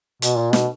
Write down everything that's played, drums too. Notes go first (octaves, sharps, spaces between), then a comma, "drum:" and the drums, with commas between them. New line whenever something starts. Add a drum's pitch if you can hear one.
B2, drum: hi-hat
A#2
B2, drum: snare